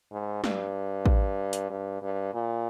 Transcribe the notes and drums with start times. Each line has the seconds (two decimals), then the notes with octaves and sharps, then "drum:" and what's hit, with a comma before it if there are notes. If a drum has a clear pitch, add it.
0.12 G#2
0.44 G2, drum: snare
1.06 drum: kick A1
1.53 drum: hi-hat
1.70 G2
2.02 G2
2.34 A#2